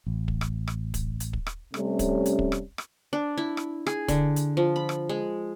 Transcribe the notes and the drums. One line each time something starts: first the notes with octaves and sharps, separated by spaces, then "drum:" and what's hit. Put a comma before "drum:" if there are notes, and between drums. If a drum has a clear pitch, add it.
A1
drum: kick
drum: rim click
drum: rim click
drum: kick, hi-hat
drum: hi-hat
drum: kick
drum: rim click
C3 G3 A3 C#4, drum: rim click
drum: kick, hi-hat
drum: hi-hat
drum: kick
drum: rim click
drum: rim click
D4
E4
drum: rim click
G#4, drum: rim click
D3, drum: kick, hi-hat
drum: hi-hat
F3
B5
drum: rim click
G#3